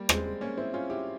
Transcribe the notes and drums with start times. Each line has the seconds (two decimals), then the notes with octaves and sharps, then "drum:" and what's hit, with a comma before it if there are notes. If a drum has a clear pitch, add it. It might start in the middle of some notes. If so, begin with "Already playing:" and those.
Already playing: G3 A#3
0.09 G#3 C4, drum: rim click
0.41 A#3 C#4
0.57 C4 E4
0.74 C#4 F4
0.90 E4 G4